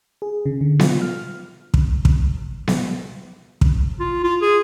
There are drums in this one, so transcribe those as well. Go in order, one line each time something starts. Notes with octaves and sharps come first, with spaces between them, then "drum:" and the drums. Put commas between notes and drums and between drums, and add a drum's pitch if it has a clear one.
G#4
C#3
D3
F4, drum: snare B3
F6
drum: kick
drum: kick
drum: snare B3
drum: kick
F4
F4
G#4